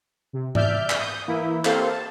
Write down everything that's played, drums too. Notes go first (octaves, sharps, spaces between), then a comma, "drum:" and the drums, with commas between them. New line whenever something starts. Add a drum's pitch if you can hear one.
C3
D5 E5 F6 G6, drum: tom G#2
drum: clap
D#6 G6
E3 A#3 E4
A#3 C4 G4 A4 C5 F5, drum: clap
A5